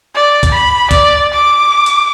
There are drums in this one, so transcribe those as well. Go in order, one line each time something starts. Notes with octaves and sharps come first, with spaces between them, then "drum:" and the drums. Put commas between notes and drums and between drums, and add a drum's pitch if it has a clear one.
D5
drum: kick C#2, hi-hat
B5
D5, drum: kick C#2, hi-hat
D6
drum: hi-hat